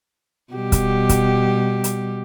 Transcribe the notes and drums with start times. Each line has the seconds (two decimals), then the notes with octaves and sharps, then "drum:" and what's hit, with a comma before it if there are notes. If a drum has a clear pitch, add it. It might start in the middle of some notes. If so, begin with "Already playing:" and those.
0.53 B2 G3 G4
0.72 drum: kick, hi-hat
1.09 drum: kick, hi-hat
1.84 drum: hi-hat